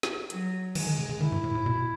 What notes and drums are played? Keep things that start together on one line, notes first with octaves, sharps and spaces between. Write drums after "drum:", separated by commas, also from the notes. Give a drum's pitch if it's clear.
drum: snare
F#3, drum: hi-hat
E3 G#3, drum: cymbal
D#3
C#3
C#3
D#3 E4
G#2
A2
A2
B2